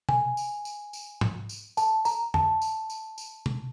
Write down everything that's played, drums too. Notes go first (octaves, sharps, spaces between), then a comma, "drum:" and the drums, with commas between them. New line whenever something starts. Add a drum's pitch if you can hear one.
G#5, drum: tom B2
drum: tambourine
drum: tambourine
drum: tambourine
drum: tom
drum: tambourine
A5, drum: tambourine
A#5, drum: tambourine
A5, drum: tom
drum: tambourine
drum: tambourine
drum: tambourine
drum: tom B2